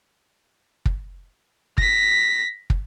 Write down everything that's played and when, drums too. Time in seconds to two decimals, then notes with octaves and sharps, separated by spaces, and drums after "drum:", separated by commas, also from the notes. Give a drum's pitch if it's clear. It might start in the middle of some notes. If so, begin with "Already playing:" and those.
0.86 drum: kick
1.78 A#6 B6, drum: kick
2.70 drum: kick